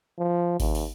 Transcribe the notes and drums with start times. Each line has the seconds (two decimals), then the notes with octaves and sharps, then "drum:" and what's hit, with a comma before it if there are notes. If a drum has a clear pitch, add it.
0.19 F3
0.60 D#2, drum: kick G#1, open hi-hat
0.75 drum: open hi-hat